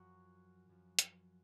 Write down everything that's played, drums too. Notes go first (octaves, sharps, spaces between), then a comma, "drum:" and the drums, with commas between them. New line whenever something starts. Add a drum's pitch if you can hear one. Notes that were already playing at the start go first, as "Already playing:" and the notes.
Already playing: F#2 F3 F#4
F#2 F3
drum: hi-hat